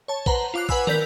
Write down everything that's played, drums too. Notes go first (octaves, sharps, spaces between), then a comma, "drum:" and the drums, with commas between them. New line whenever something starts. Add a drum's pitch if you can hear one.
C#5 A5
B4 C5 F#5 A#5, drum: kick A#1
F4 D6 F#6
B4 F#5 G#5 B5 E6, drum: kick A#1
A#4 D5 G6 B6, drum: tom